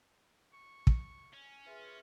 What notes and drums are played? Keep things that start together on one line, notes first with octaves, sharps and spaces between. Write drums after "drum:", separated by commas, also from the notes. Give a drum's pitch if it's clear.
C#6
drum: kick
C#4
F4 G#4 B4 E5